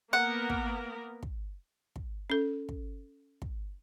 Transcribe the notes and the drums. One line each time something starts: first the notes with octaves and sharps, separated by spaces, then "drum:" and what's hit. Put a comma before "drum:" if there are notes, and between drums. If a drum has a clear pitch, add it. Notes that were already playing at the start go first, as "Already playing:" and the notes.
A#3 B3 A#4 F#5
drum: kick
drum: kick
drum: kick
C#4 A4
drum: kick
drum: kick